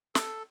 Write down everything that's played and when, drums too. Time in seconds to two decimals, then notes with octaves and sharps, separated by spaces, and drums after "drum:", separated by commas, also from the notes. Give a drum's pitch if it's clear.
0.15 A4, drum: snare